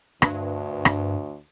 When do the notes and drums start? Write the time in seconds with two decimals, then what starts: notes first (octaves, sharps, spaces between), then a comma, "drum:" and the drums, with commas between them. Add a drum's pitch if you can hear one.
0.22 D2 G2, drum: rim click
0.85 drum: rim click